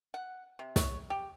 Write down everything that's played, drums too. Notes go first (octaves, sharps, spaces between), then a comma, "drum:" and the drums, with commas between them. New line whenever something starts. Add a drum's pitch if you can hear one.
F#5
C3
C#5, drum: snare
G4